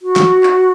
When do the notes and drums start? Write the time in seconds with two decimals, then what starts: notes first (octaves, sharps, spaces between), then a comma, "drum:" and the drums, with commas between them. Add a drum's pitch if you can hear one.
0.02 F#4
0.16 drum: snare
0.43 drum: clap